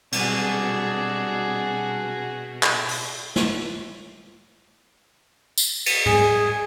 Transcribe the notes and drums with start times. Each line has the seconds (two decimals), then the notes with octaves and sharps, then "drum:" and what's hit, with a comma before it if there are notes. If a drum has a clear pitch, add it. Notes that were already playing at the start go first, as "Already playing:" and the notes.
0.12 B2 F#3 G3 C4 D4 F#4 G#4, drum: cymbal
2.63 drum: clap
2.88 drum: open hi-hat
3.36 drum: snare
5.58 drum: tambourine
5.86 drum: cymbal
6.06 G#4, drum: tom